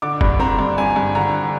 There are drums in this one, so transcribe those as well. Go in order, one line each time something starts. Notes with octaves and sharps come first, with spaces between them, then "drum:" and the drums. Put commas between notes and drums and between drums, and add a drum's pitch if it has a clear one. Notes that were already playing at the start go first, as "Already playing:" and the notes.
D3 D6
G2, drum: kick F#1
C4 A#5
G2
G2 G#5
G2
D3 A#5